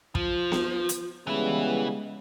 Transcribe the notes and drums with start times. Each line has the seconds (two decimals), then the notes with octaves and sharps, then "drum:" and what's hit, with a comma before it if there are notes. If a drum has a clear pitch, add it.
0.15 F3 F4, drum: kick
0.52 drum: snare B3
0.89 drum: hi-hat
1.27 C#3 E3 G3 G#3 B3 E4